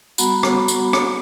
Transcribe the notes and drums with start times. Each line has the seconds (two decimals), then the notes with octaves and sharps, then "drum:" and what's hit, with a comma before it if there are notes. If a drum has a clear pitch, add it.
0.18 G3 B3 F#4 F#5 A#5 B5, drum: tambourine
0.43 drum: rim click
0.68 drum: tambourine
0.93 drum: rim click